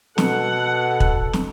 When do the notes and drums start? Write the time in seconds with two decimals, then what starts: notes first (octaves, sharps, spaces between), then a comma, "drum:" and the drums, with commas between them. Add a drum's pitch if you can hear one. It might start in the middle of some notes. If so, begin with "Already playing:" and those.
0.18 B2 A4 F#5, drum: snare
1.00 drum: kick
1.33 drum: snare